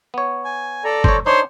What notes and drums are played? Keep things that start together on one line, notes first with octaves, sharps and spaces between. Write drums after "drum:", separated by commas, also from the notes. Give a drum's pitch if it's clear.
B3 C#5
G#5
A4 D5 A#5
C5 C#5, drum: kick
D4 D#4 C5 C#5 C6